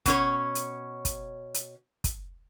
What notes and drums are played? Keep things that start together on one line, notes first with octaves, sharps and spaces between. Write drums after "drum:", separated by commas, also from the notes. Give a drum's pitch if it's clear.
B2 C#4 C#5, drum: kick, hi-hat
drum: hi-hat
drum: kick, hi-hat
drum: hi-hat
drum: kick, hi-hat